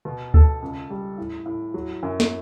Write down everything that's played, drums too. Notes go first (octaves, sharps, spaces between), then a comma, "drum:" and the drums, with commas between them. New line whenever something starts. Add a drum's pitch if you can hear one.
B2
A4, drum: kick D2
C#2
G3
A2
A2
F#3
F#2
drum: snare